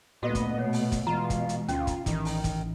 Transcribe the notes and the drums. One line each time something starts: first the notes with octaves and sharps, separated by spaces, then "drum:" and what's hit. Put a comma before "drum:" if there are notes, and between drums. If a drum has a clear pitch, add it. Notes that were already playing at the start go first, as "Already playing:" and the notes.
D2 A#2 B3 F#4 B4 D#5
drum: kick, hi-hat
B2 A3 C#5
drum: open hi-hat
drum: kick, hi-hat
B2 E3 G#3 F4 A#5
drum: kick, hi-hat
drum: hi-hat
D2 C#4 F4, drum: hi-hat
drum: kick, hi-hat
A1 D#3 E3 D#4, drum: kick, hi-hat
drum: open hi-hat
drum: kick, hi-hat